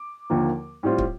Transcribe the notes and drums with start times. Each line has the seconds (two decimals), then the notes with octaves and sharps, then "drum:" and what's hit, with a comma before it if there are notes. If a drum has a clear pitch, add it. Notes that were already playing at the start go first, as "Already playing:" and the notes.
Already playing: D6
0.30 D#2 D3 F3 A#3
0.83 A2 G3 C4 F4
0.98 drum: kick